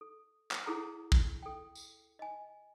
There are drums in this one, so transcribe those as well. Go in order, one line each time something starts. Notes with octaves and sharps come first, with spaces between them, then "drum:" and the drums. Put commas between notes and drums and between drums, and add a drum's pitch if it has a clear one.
A4
drum: clap
E4 G#4 A4 F#5 A#5
drum: kick
A4 G5
drum: tambourine
D#5 G#5